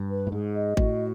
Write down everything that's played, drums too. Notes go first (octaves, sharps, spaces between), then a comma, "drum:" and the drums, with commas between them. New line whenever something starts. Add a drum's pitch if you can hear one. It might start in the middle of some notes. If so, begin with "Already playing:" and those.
Already playing: G2
B4
A2
G#2 G#4
D#5
A2 F#4, drum: kick G#1